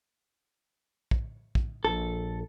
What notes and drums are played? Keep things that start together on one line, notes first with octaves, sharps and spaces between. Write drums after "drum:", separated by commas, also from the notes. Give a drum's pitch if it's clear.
drum: kick
drum: kick
A#1 A4